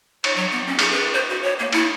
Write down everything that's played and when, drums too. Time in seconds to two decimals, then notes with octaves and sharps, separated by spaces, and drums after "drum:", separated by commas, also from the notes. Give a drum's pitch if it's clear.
0.24 C#5, drum: cymbal
0.36 F#3
0.51 B3
0.67 C#4
0.79 G#4, drum: cymbal
0.92 B4
1.14 C5
1.29 F#4
1.43 C#5
1.59 A#3
1.73 E4, drum: cymbal